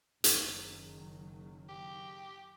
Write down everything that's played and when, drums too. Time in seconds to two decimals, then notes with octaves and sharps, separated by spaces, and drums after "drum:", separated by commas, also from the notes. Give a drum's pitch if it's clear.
0.24 F#1 D#3 F#3, drum: hi-hat
1.69 G4